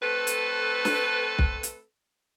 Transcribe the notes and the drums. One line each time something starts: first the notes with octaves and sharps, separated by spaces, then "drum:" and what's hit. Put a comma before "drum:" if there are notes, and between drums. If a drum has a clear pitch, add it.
A3 C4 A4 B4
drum: hi-hat
drum: snare
drum: kick B1
drum: hi-hat